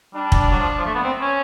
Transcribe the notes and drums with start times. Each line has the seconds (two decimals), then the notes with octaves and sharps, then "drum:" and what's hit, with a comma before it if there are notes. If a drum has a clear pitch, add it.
0.13 G3 D4
0.32 drum: kick
0.50 F#3
0.59 F3
0.77 F3
0.85 A3
0.94 B3
1.03 C4
1.21 C#4